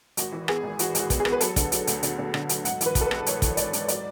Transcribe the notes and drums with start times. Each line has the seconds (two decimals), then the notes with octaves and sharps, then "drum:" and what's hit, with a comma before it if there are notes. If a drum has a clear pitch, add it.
0.17 G#1 F#4, drum: hi-hat
0.32 E3
0.48 B3 G#4, drum: rim click
0.63 G#1
0.79 E3 F#4, drum: hi-hat
0.95 G#1, drum: hi-hat
1.00 F#4
1.10 B3, drum: kick, hi-hat
1.20 G#4
1.25 B3, drum: rim click
1.32 B4
1.41 F#3 A4, drum: hi-hat
1.56 D3, drum: kick, hi-hat
1.72 F#3, drum: hi-hat
1.87 D2, drum: hi-hat
2.03 D3, drum: hi-hat
2.18 D3
2.34 D3, drum: rim click
2.49 F#3, drum: hi-hat
2.65 G#2 F#5, drum: hi-hat
2.81 E3, drum: hi-hat
2.86 B4
2.95 G#1, drum: kick, hi-hat
3.01 A4
3.06 B4
3.11 G#3, drum: rim click
3.26 G#1 C#5, drum: hi-hat
3.42 E3, drum: kick, hi-hat
3.57 G#1 D5, drum: hi-hat
3.73 G#2, drum: hi-hat
3.88 F#3 D5, drum: hi-hat